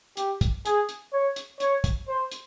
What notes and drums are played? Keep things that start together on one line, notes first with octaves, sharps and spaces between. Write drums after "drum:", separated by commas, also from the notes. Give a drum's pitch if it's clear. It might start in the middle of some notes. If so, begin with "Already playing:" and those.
G4, drum: hi-hat
drum: kick, hi-hat
G#4, drum: hi-hat
drum: hi-hat
C#5
drum: hi-hat
C#5, drum: hi-hat
drum: kick, hi-hat
C5
drum: hi-hat